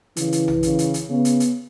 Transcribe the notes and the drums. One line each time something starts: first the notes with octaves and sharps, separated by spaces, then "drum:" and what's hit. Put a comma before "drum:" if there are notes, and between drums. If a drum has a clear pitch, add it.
C#3 E3, drum: hi-hat
drum: hi-hat
drum: tom A#1
C#3, drum: hi-hat
drum: hi-hat
drum: hi-hat
C#3 B3
drum: hi-hat
drum: hi-hat